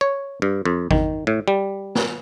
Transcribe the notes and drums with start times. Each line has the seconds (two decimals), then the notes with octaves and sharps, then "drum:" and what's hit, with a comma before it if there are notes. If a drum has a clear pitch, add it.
0.01 C#5
0.42 G2
0.65 F2
0.91 D#3, drum: kick G#1
1.27 A2
1.48 G3
1.95 drum: snare